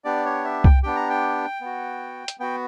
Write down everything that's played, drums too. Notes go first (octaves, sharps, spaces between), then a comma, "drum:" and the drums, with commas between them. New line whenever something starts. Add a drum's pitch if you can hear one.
B3 D4 G4 D5
C#5
E5
G5, drum: kick C2
B3 D4 G4 G5
A#5
G5
B3 F#4
drum: hi-hat
B3 F#4 G5